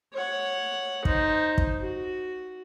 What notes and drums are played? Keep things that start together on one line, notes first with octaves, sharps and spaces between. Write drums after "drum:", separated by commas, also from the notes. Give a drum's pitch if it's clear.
C#5 F#5
D#4 C5, drum: kick
drum: kick
F#4